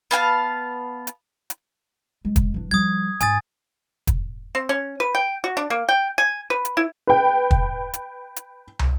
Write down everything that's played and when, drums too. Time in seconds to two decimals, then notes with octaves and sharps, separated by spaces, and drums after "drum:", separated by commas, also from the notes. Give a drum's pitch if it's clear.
0.11 B3 F5 G#5 A5
1.07 drum: hi-hat
1.50 drum: hi-hat
2.25 G#3
2.36 drum: kick, hi-hat
2.54 E3 D4
2.71 F3 G3 D#6 G#6
3.21 G#2 G#5 D#6 A6, drum: hi-hat
4.07 drum: kick, hi-hat
4.55 C4
4.69 C#4
5.00 B4
5.15 G5
5.44 F#4
5.57 D4
5.70 A#3
5.89 G5
6.18 G#5
6.50 B4
6.65 drum: hi-hat
6.77 E4
7.07 B4 G5
7.51 drum: kick
7.94 drum: hi-hat
8.36 drum: hi-hat
8.79 drum: tom